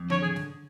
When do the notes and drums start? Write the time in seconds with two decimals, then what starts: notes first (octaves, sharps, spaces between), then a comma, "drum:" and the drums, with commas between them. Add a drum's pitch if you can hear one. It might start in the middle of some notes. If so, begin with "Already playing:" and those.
Already playing: F2
0.10 D3 C#5, drum: tom D#3
0.23 G#4
0.36 drum: snare